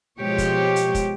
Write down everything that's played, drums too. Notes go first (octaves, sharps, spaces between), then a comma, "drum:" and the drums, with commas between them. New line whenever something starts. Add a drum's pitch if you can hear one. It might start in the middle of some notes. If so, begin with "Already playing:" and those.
B2 F3 G#3 G4 C#5
drum: kick, hi-hat
drum: hi-hat
drum: kick, hi-hat